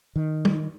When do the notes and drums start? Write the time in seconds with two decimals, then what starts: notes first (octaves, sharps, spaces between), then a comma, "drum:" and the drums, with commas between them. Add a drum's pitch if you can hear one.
0.16 D#3
0.45 drum: tom